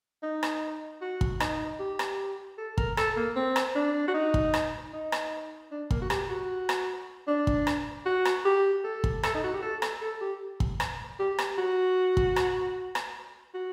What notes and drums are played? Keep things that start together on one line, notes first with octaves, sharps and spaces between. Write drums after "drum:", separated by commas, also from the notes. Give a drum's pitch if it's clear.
D#4
drum: rim click
F#4
drum: kick
D#4, drum: rim click
G4
drum: rim click
A4
A#4, drum: kick
A4, drum: rim click
A#3
C4
drum: rim click
D4
F#4
D#4
drum: kick
drum: rim click
D#4
drum: rim click
D4
A#3, drum: kick
F#4
G4, drum: rim click
F#4
drum: rim click
D4
drum: kick
drum: rim click
F#4
drum: rim click
G4
A4
drum: kick
A4, drum: rim click
D#4
F#4
G4
A4
drum: rim click
A4
G4
drum: kick
drum: rim click
G4
drum: rim click
F#4
drum: kick
drum: rim click
drum: rim click
F#4